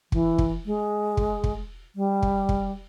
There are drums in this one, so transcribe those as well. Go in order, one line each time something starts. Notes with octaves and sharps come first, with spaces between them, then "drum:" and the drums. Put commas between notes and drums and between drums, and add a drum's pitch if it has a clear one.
E3, drum: kick
drum: kick
G#3
drum: kick
drum: kick
G3
drum: kick
drum: kick